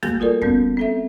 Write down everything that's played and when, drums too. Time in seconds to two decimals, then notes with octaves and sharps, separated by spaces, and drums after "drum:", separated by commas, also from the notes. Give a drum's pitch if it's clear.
0.03 G3 A3 A#3 F#4 G#4, drum: snare
0.20 F4 A4 A#4 D5
0.42 G3 B3 C#4, drum: kick
0.77 C4 A4 E5